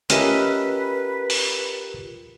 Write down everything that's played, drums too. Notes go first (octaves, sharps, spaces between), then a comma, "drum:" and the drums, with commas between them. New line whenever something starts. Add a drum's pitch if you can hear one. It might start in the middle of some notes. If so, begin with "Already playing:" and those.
C#4 F4 G4 A#4 B4 D#5 E5, drum: hi-hat
drum: open hi-hat